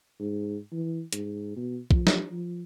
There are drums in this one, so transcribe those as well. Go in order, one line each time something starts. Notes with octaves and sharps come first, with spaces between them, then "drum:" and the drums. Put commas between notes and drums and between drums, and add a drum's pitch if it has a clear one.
G#2
E3
G#2, drum: hi-hat
B2
F3, drum: kick
drum: snare
F3